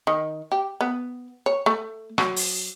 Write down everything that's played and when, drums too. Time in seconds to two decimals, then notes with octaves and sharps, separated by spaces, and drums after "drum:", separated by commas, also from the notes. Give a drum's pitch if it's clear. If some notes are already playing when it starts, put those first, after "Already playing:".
0.07 D#3
0.52 G4
0.81 B3
1.46 C#5
1.66 A3
2.18 F#3, drum: rim click
2.36 drum: open hi-hat